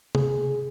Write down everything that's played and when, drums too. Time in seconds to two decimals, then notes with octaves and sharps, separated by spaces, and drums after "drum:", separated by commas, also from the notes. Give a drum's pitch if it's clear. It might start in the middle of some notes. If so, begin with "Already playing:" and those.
0.15 G#4, drum: tom C3